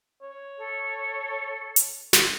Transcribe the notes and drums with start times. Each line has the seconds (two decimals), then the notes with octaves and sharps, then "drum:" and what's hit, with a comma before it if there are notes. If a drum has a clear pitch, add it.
0.22 C#5
0.58 A4
1.76 drum: hi-hat
2.13 drum: snare